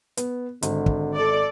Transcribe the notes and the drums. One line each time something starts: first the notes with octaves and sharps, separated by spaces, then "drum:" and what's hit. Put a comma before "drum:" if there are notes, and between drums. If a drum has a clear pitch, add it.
B3, drum: hi-hat
G#1 D3, drum: hi-hat
drum: kick
A4 D5